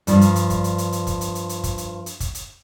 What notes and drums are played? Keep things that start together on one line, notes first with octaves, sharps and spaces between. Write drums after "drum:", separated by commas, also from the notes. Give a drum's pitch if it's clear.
G2 F3, drum: hi-hat
drum: hi-hat
drum: hi-hat
drum: kick, hi-hat
drum: hi-hat
drum: hi-hat
drum: hi-hat
drum: kick, hi-hat
drum: hi-hat
drum: hi-hat
drum: hi-hat
drum: kick, hi-hat
drum: hi-hat
drum: hi-hat
drum: kick, hi-hat
drum: hi-hat